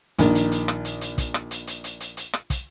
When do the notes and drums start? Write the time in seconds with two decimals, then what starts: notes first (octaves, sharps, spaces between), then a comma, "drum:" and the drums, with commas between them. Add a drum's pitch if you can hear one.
0.19 A#1 D#3, drum: hi-hat
0.35 drum: hi-hat
0.52 drum: hi-hat
0.68 drum: rim click
0.85 drum: hi-hat
1.01 drum: hi-hat
1.18 drum: kick, hi-hat
1.34 drum: rim click
1.51 drum: hi-hat
1.67 drum: hi-hat
1.84 drum: hi-hat
2.00 drum: hi-hat
2.17 drum: hi-hat
2.33 drum: rim click
2.50 drum: kick, hi-hat